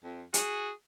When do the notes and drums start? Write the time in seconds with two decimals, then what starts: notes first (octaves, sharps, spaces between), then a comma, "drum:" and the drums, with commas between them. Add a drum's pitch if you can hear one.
0.04 F2
0.34 F#4 G#4, drum: hi-hat